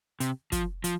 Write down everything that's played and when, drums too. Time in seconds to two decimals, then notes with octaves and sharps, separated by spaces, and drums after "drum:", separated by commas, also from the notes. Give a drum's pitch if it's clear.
0.20 C3, drum: hi-hat
0.52 F3, drum: kick, hi-hat
0.84 F3, drum: hi-hat